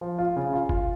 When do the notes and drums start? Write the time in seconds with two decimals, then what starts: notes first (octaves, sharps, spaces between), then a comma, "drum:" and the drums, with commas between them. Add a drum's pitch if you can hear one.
0.01 F3
0.18 F4
0.36 C#3
0.53 F4
0.69 F4, drum: kick